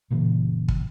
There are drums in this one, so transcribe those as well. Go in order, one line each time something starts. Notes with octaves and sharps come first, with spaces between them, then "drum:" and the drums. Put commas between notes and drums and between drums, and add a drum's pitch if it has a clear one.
F#1 A#2 C#3 E3
drum: kick